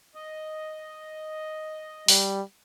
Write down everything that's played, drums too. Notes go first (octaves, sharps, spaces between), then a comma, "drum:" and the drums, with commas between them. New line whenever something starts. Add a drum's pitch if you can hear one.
D#5
G3, drum: open hi-hat